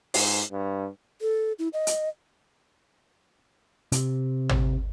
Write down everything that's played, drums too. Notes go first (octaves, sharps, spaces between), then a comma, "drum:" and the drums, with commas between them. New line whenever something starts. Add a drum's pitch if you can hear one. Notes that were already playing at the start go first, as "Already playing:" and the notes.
G#2, drum: open hi-hat
G2
A4
E4
D#5
drum: hi-hat
C3, drum: hi-hat
drum: tom